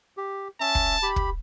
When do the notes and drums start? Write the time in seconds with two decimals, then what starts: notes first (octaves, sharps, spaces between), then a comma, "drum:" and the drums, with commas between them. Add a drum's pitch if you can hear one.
0.17 G4
0.60 C#4 E5 A5
0.75 drum: kick
1.03 G4 B5
1.16 drum: kick